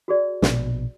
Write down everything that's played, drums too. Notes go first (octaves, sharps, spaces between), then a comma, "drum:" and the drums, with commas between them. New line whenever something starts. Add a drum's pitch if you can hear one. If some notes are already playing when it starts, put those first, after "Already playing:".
F#4 G#4 D5
A#1 B2, drum: snare